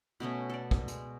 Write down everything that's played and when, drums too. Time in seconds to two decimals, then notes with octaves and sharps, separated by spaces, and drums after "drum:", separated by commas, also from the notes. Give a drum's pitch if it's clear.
0.20 B2 A3 B3 C#4
0.50 A4 D5
0.71 drum: kick
0.88 G#3, drum: hi-hat